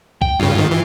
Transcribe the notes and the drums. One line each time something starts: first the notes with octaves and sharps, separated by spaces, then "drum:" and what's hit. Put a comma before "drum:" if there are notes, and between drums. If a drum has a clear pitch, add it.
G5, drum: kick
G2 C#3 F4
G#2 D#3
E3